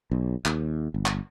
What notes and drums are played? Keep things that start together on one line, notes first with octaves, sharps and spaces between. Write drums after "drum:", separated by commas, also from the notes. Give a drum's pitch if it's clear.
B1
D#2, drum: clap
G1
drum: clap